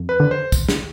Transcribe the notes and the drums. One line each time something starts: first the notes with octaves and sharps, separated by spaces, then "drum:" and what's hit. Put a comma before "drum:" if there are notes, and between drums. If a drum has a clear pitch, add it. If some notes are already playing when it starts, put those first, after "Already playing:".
Already playing: F2
B4
D3
C5
drum: kick, tambourine
drum: snare